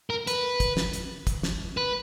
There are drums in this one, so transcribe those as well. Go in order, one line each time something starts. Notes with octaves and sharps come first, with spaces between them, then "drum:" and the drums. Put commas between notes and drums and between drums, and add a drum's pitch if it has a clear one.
A#4
B4, drum: hi-hat
drum: kick, hi-hat
drum: snare
drum: hi-hat
drum: kick, hi-hat
drum: snare
B4